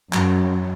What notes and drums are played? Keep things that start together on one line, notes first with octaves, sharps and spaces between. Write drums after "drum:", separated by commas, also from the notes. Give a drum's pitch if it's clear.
F#2, drum: clap